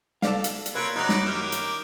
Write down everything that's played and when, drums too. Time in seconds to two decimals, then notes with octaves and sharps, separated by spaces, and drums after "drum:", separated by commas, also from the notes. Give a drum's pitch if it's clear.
0.22 A4 D5 F5, drum: snare
0.44 drum: hi-hat
0.66 drum: hi-hat
0.75 A#3 C4 A#4 B4 C#5
0.96 F#2 F#3 D#4 B4 D5
1.09 drum: snare
1.26 D#3 A#3 G4
1.52 drum: hi-hat